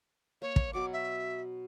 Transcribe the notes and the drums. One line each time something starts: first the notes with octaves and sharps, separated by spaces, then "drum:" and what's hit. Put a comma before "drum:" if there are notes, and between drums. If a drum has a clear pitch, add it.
A#3 C#5
drum: kick
B2 F#3 C#6 D6
E5